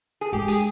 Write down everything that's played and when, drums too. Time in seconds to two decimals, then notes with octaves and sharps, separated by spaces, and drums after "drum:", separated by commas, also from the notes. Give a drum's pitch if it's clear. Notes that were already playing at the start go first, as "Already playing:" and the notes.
0.21 G#4
0.33 G#3 G4
0.48 G#4, drum: open hi-hat